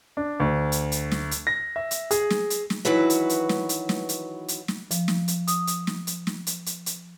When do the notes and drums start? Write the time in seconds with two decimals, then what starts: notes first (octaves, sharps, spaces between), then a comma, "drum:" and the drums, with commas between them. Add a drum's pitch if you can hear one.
0.17 D4
0.40 D2
0.72 drum: hi-hat
0.92 drum: hi-hat
1.11 drum: snare
1.31 drum: hi-hat
1.47 A#6
1.76 E5
1.91 drum: hi-hat
2.11 G#4, drum: hi-hat
2.30 drum: snare
2.50 drum: hi-hat
2.70 drum: snare
2.85 D#3 E3 F#3 F#4 B4 E5
3.10 drum: hi-hat
3.29 drum: hi-hat
3.49 drum: snare
3.69 drum: hi-hat
3.89 drum: snare
4.09 drum: hi-hat
4.48 drum: hi-hat
4.68 drum: snare
4.91 F3, drum: hi-hat
5.08 drum: snare
5.28 drum: hi-hat
5.47 D#6, drum: hi-hat
5.67 drum: hi-hat
5.87 drum: snare
6.07 drum: hi-hat
6.27 drum: snare
6.47 drum: hi-hat
6.66 drum: hi-hat
6.86 drum: hi-hat